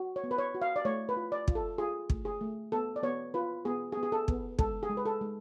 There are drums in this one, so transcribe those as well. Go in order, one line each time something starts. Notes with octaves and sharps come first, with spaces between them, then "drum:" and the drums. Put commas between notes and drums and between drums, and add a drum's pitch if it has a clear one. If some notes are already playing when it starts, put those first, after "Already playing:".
Already playing: F#4
C#5
B3
B4
C#5
F#4
F5
D5
A3 C#5
B4
F4
D5
F4, drum: kick
A4
F4 G#4
A3, drum: kick
G#4
A3
B3 A4
D5
B3 C#5
F4 B4
B3 G#4
G#4
B3
G#4
A4
B3, drum: kick
G#3 A4, drum: kick
G#4
G#3
B4
A4
G#3